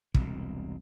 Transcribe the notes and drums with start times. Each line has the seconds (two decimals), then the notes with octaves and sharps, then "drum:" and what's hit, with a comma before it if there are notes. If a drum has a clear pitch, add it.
0.14 E1 C2 B2, drum: kick